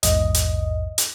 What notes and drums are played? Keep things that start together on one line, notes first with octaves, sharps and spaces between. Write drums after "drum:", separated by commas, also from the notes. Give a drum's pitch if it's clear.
A#1 E2 G#2 D#5, drum: hi-hat
drum: hi-hat
drum: hi-hat